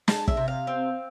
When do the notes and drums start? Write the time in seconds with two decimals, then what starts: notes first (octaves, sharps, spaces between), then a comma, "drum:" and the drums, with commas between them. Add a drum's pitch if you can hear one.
0.08 G#3 A5, drum: snare
0.28 E5, drum: kick
0.37 C3
0.48 F5
0.67 C4